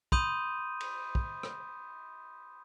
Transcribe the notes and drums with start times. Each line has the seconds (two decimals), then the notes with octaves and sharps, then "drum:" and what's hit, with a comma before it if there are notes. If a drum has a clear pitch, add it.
0.12 B5 C6 D#6 G6 D#7, drum: kick
0.81 drum: cymbal
1.15 drum: kick
1.43 drum: rim click